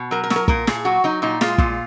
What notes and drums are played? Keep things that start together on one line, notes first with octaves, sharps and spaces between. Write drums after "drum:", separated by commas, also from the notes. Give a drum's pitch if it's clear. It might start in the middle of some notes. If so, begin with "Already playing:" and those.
Already playing: B2
F#3 A#4
A#4
F#3, drum: snare
A#4
A#2 A#4, drum: kick
A#2 G#4, drum: snare
F#3 F#4
F#3 D#4
A#2 D#4
G#3 F4, drum: snare
A#2, drum: kick